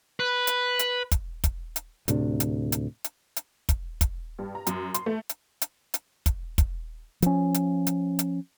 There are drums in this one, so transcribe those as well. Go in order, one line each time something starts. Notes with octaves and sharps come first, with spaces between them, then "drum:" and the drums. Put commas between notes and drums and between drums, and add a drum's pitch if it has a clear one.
B4
drum: hi-hat
drum: hi-hat
drum: kick, hi-hat
drum: kick, hi-hat
drum: hi-hat
D2 A2 C3 D4, drum: hi-hat
drum: hi-hat
drum: hi-hat
drum: hi-hat
drum: hi-hat
drum: kick, hi-hat
drum: kick, hi-hat
G2
A#5
F#2, drum: hi-hat
C6, drum: hi-hat
A3
drum: hi-hat
drum: hi-hat
drum: hi-hat
drum: kick, hi-hat
drum: kick, hi-hat
F3 C#4, drum: hi-hat
drum: hi-hat
drum: hi-hat
drum: hi-hat